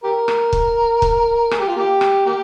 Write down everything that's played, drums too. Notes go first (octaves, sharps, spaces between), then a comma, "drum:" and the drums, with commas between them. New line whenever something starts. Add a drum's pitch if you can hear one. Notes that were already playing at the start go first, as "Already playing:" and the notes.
G4 A#4
drum: rim click
drum: kick
drum: kick
G#4, drum: rim click
G4
F4
A#3 G4
drum: rim click
A#3 G4